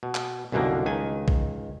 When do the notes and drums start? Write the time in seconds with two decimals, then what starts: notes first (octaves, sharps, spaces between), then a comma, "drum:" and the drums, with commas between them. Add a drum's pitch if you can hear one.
0.03 B2
0.15 drum: clap
0.52 C2 F#2 B2 D3 D#3 A#3
0.86 C#2 D#3 G#5
1.28 drum: kick